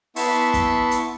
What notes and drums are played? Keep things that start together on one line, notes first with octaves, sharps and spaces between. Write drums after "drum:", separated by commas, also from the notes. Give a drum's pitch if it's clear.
B3 E4 E5 A5 C6 C#6, drum: open hi-hat
drum: kick, hi-hat
drum: hi-hat